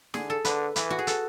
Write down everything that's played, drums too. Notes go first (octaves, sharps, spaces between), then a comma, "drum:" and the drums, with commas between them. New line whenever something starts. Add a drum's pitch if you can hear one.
D3 G#4, drum: snare
A4
D3 B4, drum: hi-hat
E3 B4, drum: hi-hat
F#4
G#4
A4, drum: hi-hat